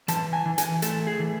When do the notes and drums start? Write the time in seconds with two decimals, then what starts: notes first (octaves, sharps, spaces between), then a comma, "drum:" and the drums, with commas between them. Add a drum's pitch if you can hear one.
0.08 E3 A5, drum: hi-hat
0.33 G#5
0.46 E3
0.58 G#5, drum: hi-hat
0.82 A3 A4, drum: hi-hat
1.07 G#4
1.20 E3